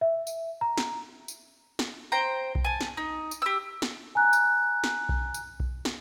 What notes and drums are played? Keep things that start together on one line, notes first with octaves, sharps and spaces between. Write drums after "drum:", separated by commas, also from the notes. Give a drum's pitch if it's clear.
E5
drum: tambourine
A#5
drum: snare
drum: tambourine
drum: snare
C5 G5 A#5
drum: kick B1
G#5 A5
drum: snare
D#4
drum: tambourine
G4 E6
drum: snare
G#5 A#5 F#6
drum: tambourine
drum: snare
drum: kick B1
drum: tambourine
drum: kick B1
drum: snare